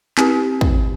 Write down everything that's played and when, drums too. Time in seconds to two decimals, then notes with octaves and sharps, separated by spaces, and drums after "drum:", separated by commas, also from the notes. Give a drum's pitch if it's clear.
0.18 C4 G4, drum: clap
0.61 drum: kick